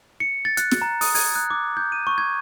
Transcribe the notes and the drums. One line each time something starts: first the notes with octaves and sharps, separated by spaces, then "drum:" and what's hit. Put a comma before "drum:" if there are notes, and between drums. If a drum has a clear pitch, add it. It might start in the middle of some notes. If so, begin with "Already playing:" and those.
C#7
A6
F#6, drum: hi-hat
drum: snare
A#5
D#6, drum: open hi-hat
G#6, drum: open hi-hat
F#6
D6
G6
D#7
C#6
G#6